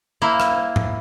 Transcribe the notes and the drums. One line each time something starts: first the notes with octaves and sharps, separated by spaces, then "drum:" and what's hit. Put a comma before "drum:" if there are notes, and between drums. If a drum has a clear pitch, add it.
A#3 E4 C5
drum: rim click
drum: tom G#2